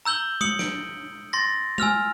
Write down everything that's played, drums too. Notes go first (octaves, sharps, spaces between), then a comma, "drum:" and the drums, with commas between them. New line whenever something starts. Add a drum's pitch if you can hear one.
A#5 E6 G6 F#7 G7
D#6 C#7 F#7, drum: tom G#3
D7, drum: snare
C6 A6 A#6
G#5 E6 F6 F7, drum: tom G#3